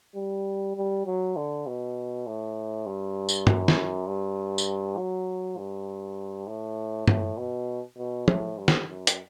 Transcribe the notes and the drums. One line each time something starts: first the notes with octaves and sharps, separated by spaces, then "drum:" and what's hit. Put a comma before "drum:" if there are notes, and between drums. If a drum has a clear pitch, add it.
G3
G3
F#3
D3
B2
A2
G2
drum: tambourine
F#2, drum: tom G2
drum: snare
G2
drum: tambourine
F#3
G2
A2
A2, drum: tom G2
B2
B2
A2, drum: tom
G2
drum: snare
F#2
drum: hi-hat